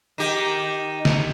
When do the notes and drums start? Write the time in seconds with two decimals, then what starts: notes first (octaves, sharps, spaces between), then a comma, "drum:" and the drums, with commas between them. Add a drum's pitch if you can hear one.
0.18 D#3 G4
1.05 drum: snare